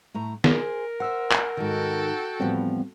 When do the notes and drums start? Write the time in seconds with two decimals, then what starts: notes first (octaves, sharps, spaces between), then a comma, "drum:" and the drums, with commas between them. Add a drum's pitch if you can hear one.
0.14 A2 A3 A#5
0.44 G#4 A#4 C5, drum: snare
1.00 C5 E5 F#5 E6
1.31 drum: clap
1.57 G#2 D#3 F#4 A4 G5
2.40 E2 A2 F3 G3 B3 C4